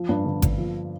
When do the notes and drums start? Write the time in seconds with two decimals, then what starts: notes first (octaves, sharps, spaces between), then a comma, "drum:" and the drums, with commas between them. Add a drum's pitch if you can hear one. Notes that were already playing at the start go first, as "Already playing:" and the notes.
Already playing: F3
0.09 G2
0.25 D3
0.42 G2, drum: kick G#1, hi-hat
0.58 F3